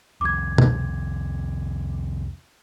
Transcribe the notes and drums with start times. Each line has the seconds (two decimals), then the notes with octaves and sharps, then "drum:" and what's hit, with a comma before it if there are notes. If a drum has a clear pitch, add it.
0.21 C2 F2 D6 G#6
0.58 drum: tom B2